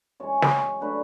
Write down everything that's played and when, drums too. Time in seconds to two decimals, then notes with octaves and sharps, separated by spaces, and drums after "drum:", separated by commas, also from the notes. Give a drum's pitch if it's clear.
0.20 F#2 E3 G#3 C#4 C#5
0.42 drum: snare
0.80 D3 F#3 A3 D4 B4